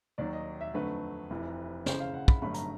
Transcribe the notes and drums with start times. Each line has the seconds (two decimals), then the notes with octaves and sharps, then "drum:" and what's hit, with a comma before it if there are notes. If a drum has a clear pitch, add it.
0.18 D#2 D#3 F#3 D5
0.33 D#5
0.61 E5
0.74 F2 D3 F#3 A3 B4
1.30 F1 F2 C3 E3
1.86 F#1 F#2 C#3 E3 C5, drum: snare
2.00 F5
2.14 F#5
2.28 B5, drum: kick
2.42 G1 G2 D3 F#3 A3 B5
2.54 A#5, drum: hi-hat